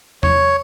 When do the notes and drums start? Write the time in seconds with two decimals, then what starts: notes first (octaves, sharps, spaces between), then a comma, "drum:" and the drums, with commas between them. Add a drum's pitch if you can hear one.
0.23 C#5, drum: tom